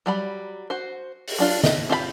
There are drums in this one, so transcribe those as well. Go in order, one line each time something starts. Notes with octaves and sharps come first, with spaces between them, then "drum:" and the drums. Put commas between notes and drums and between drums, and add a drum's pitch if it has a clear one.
F#3 G3 B5
F#4 C5
drum: open hi-hat
F#3 D4 F4
D#5 E5, drum: snare
C4 F4 G4 F5 B5